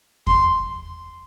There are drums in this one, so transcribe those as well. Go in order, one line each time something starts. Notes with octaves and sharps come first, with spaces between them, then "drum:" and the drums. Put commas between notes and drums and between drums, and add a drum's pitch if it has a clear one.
C6, drum: kick E2